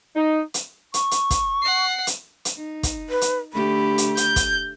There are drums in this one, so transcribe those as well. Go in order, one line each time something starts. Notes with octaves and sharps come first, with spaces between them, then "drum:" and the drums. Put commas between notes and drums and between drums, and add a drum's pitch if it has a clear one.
D#4
drum: hi-hat
C#6, drum: hi-hat
drum: hi-hat
drum: kick, hi-hat
F#5 C7
drum: hi-hat
drum: hi-hat
D#4
drum: kick, hi-hat
B4
drum: hi-hat
D3 A3 G4 B5
drum: hi-hat
G6, drum: hi-hat
drum: kick, hi-hat